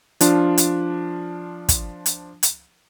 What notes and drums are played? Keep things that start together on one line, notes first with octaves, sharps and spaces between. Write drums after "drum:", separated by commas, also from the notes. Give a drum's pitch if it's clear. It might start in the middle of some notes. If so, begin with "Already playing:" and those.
F3 D4 F4, drum: hi-hat
drum: hi-hat
drum: kick, hi-hat
drum: hi-hat
drum: hi-hat